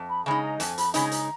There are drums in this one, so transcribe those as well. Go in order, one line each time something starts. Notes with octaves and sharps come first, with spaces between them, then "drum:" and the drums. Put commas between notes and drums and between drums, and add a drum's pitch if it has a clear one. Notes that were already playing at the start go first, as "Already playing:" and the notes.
Already playing: F2
B5
C#3 G#3 D#4 B5
A#5
F2 G#5, drum: hi-hat
B5, drum: hi-hat
C#3 G#3 D#4 B5, drum: hi-hat
G#5
A#5, drum: hi-hat